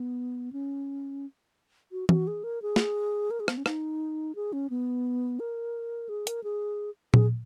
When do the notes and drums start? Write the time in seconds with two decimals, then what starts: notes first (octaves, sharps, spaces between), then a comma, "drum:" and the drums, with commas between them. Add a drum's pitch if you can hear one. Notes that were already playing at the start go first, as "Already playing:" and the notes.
Already playing: B3
0.53 C#4
1.92 F#4
2.09 F#4, drum: tom E3
2.27 G#4
2.44 A#4
2.62 G#4
2.76 drum: snare
3.31 A#4
3.40 G#4
3.48 B3, drum: rim click
3.58 C#4
3.66 D#4, drum: rim click
4.35 G#4
4.53 C#4
4.70 B3
5.40 A#4
6.09 G#4
6.27 A#4, drum: hi-hat
6.44 G#4
7.14 G#4, drum: tom A#2